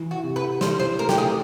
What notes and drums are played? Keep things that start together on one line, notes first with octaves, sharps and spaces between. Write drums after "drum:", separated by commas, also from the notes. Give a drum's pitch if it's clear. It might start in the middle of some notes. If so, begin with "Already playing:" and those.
Already playing: E3
F#4
C3
B4
E3 C5, drum: snare
C5
A3 A#4
G4, drum: snare
G#4